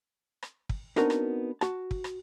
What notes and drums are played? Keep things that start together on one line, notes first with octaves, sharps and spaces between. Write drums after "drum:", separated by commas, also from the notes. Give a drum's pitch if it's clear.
drum: rim click
drum: kick
B3 C4 D4 D#4 F#4 A#4, drum: rim click
drum: rim click
F#4 A5, drum: rim click
drum: kick
drum: rim click